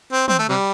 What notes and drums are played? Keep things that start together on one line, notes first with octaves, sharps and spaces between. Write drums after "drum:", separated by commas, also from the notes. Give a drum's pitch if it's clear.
C4
C4, drum: tom
A3
C3 G3